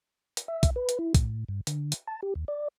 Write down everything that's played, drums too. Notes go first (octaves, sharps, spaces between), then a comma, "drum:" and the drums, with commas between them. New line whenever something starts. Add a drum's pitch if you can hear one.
drum: hi-hat
E5
drum: kick, hi-hat
B4
drum: hi-hat
E4
A2, drum: kick, hi-hat
G2
D3, drum: hi-hat
drum: hi-hat
A5
G4
D#2
D5